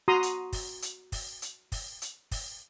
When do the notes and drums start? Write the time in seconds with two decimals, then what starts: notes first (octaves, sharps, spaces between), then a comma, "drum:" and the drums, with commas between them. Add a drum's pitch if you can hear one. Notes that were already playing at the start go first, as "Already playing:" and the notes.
0.08 F#4 A#5 C6 D#6
0.23 drum: hi-hat
0.53 drum: kick, open hi-hat
0.82 drum: hi-hat
1.12 drum: kick, open hi-hat
1.42 drum: hi-hat
1.72 drum: kick, open hi-hat
2.02 drum: hi-hat
2.31 drum: kick, open hi-hat